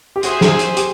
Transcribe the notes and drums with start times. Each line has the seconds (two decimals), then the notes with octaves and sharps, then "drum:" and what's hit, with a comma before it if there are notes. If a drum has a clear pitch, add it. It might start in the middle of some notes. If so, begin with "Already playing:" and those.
0.16 G4
0.23 F#4 G#4 C5 E5 G#5, drum: hi-hat
0.41 drum: snare
0.59 drum: hi-hat
0.77 G4, drum: hi-hat